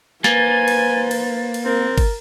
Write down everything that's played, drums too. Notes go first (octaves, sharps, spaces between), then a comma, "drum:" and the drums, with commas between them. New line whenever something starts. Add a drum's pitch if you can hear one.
A#3 B4 C5 G#5 A6, drum: snare
drum: cymbal
drum: cymbal
drum: cymbal
C4 A#4
drum: kick G1, cymbal